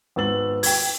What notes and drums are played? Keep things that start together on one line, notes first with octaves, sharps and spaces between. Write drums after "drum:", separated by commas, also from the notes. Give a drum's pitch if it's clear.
G#1 B3 E6 A6 F#7
G5 G#6, drum: open hi-hat